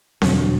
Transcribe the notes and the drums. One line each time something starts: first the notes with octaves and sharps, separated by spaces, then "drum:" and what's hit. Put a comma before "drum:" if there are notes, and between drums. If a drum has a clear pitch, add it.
E2 B2 D3 F#3, drum: snare C4